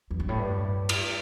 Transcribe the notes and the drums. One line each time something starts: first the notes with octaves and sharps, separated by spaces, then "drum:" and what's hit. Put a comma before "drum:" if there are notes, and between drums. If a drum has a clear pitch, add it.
E2
G2
A2
G2
drum: cymbal